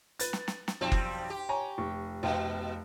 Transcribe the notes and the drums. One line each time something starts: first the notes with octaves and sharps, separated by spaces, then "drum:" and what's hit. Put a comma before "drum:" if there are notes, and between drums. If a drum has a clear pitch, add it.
B4 A6, drum: hi-hat
drum: snare
drum: snare
drum: snare
B1 F2 G3 C4
drum: kick F#1
G4
C#5 G#5 A#5
F1 C#6
F1 B2 F5 G5